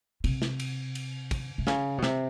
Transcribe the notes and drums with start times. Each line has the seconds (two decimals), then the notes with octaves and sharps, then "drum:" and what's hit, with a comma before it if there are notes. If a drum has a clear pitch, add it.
0.24 C3, drum: cymbal
0.42 drum: snare
0.60 drum: cymbal
0.95 drum: cymbal
1.31 drum: kick, cymbal
1.58 C3
1.67 C#3, drum: snare
1.98 B2
2.03 C3, drum: snare